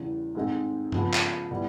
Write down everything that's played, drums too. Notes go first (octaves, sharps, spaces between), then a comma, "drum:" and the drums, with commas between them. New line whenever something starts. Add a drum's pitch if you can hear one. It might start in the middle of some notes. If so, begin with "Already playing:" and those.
Already playing: E2 C#3 E3 G3
G#2 D#3 G#3 C4 D#4
C#3 F3 G#3 B3, drum: tom G2
drum: clap
B2 G3 B3 E4